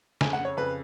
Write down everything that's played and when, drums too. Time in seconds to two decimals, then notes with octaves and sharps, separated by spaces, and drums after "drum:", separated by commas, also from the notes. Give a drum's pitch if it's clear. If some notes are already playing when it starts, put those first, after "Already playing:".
0.21 F2 C#3 G#5, drum: snare
0.33 F#5
0.45 C#5
0.57 F2 C#3 B4